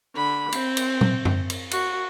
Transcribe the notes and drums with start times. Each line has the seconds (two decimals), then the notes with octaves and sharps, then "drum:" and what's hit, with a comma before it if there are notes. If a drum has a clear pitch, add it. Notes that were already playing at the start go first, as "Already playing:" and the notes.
0.15 D3 B5
0.52 C4, drum: cymbal
0.77 drum: cymbal
1.01 drum: tom A#2
1.25 drum: tom F#2
1.50 drum: cymbal
1.71 F#4, drum: cymbal